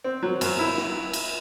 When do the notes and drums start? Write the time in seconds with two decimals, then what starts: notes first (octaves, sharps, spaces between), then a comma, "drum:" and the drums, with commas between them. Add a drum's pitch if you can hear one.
0.04 C4
0.23 F#3
0.41 F#2, drum: cymbal
0.59 E4
0.77 drum: snare
1.13 drum: cymbal